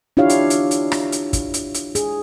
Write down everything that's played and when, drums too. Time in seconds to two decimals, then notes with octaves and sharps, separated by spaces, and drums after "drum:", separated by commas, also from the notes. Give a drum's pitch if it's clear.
0.17 D4 E4 F4 G4 C#5 F5
0.29 drum: hi-hat
0.50 drum: hi-hat
0.71 drum: hi-hat
0.92 drum: rim click
1.12 drum: hi-hat
1.33 drum: kick, hi-hat
1.54 drum: hi-hat
1.74 drum: hi-hat
1.95 G#4, drum: hi-hat